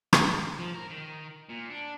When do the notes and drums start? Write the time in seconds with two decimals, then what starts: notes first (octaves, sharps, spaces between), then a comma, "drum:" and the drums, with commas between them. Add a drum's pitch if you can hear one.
0.13 drum: rim click
0.59 F3
0.74 A#4
0.90 D#3
1.49 A#2
1.70 D4